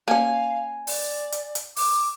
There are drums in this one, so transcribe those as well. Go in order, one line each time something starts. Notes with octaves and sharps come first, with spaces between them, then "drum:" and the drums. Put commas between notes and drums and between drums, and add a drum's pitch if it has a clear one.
A#3 C#4 F5 G#5
D5, drum: open hi-hat
drum: hi-hat
drum: hi-hat
D6, drum: open hi-hat